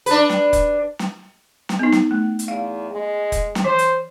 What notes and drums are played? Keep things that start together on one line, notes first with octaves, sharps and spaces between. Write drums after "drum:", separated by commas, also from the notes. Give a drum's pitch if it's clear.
D4 B4, drum: hi-hat
drum: snare
drum: kick, hi-hat
drum: snare
drum: snare
B3 D#4
drum: snare
A3
drum: hi-hat
E2 F5
G#3
drum: kick, hi-hat
drum: snare
E3 C5
drum: hi-hat